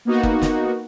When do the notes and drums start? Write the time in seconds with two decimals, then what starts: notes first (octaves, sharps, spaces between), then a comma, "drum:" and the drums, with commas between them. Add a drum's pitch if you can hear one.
0.05 A#3 B3 D#4 F#4
0.23 drum: kick
0.42 drum: snare